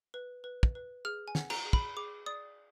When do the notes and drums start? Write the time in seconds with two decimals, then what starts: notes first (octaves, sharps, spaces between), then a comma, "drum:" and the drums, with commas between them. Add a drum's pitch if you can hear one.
0.14 B4
0.44 B4
0.63 drum: kick
0.75 B4
1.05 G#4 F6
1.28 G#5
1.35 F#5, drum: snare
1.50 A#5, drum: cymbal
1.65 G#4
1.73 B5, drum: kick
1.96 G#4 D6
2.26 D5 D#6